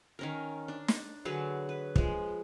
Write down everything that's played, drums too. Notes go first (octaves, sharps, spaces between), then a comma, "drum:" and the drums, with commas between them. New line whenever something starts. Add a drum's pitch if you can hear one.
D#3 C#4 A#4
D4
drum: snare
D3 F#3 G#4 B4
B4
F3 G#3, drum: kick